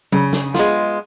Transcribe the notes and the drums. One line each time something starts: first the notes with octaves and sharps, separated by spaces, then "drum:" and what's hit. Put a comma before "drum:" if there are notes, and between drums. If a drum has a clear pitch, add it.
C#3, drum: tom F#3
drum: snare
G#3 B3 F4, drum: snare